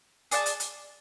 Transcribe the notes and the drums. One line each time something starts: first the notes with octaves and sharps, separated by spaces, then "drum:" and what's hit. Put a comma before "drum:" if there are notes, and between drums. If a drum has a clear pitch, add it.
G#4 D5 F#5 A5, drum: hi-hat
drum: hi-hat
drum: hi-hat